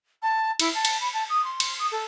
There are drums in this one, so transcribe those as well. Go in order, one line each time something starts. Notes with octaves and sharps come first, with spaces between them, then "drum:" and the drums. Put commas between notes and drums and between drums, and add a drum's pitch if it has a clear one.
A5
E4, drum: cymbal
A5
drum: cymbal
B5
A5
D#6
C6
drum: cymbal
D#6
A4